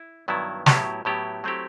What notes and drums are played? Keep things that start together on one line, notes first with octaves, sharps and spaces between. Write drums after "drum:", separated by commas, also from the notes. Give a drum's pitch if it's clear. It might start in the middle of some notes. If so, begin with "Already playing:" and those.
Already playing: E4
G2 D#3 F#3 B3 E4
A2 F#3 B3 E4 G4, drum: snare
A2 F#3 B3 E4 G4
F#3 A3 C4 E4 G4